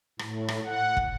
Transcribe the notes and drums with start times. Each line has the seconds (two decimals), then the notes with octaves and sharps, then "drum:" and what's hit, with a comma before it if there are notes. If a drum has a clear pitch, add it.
0.19 A2, drum: rim click
0.48 drum: rim click
0.64 F#5
0.97 drum: kick